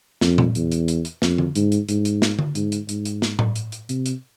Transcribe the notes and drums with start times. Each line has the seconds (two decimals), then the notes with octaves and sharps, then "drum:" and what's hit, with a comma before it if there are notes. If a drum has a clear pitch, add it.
0.21 F2, drum: snare
0.38 drum: tom A#2
0.55 E2, drum: hi-hat
0.72 drum: hi-hat
0.88 drum: hi-hat
1.05 drum: hi-hat
1.22 F2, drum: snare
1.38 drum: tom D3
1.55 G#2, drum: hi-hat
1.72 drum: hi-hat
1.89 G#2, drum: hi-hat
2.05 drum: hi-hat
2.22 drum: snare
2.39 drum: tom D3
2.55 G#2, drum: hi-hat
2.72 drum: hi-hat
2.89 G#2, drum: hi-hat
3.05 drum: hi-hat
3.22 drum: snare
3.39 drum: tom A2
3.56 drum: hi-hat
3.72 drum: hi-hat
3.89 C3, drum: hi-hat
4.06 drum: hi-hat